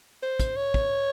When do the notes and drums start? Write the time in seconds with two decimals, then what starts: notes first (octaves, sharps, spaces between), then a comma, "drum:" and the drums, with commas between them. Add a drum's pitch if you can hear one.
0.22 C5
0.40 drum: kick, hi-hat
0.56 C#5
0.74 drum: kick